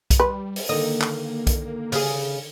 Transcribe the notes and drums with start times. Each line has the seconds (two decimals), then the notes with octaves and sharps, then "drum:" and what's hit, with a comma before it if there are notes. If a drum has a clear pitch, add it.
0.10 drum: kick B1, hi-hat
0.20 G3 B4
0.56 drum: open hi-hat
0.69 D3 D#3 A#3 D#5
1.01 drum: clap
1.47 drum: kick B1, hi-hat
1.92 C#3 G#4, drum: open hi-hat